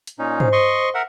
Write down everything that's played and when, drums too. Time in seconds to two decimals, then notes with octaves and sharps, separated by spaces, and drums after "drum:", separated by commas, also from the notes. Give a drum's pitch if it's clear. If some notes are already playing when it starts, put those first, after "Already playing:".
0.07 drum: hi-hat
0.19 A#2 C#4 D#4
0.40 C5, drum: tom
0.52 D#5 C6 C#6
0.94 A#4 E5 F#5